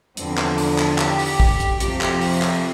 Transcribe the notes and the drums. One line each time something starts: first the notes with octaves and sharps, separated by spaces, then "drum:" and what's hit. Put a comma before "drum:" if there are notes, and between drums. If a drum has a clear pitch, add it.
E2 D3 F3 C4, drum: hi-hat
drum: clap
D4, drum: open hi-hat
drum: clap
G4, drum: clap
drum: open hi-hat
drum: kick
drum: hi-hat
F2 C3 F3 G4, drum: hi-hat
drum: clap
drum: open hi-hat
drum: clap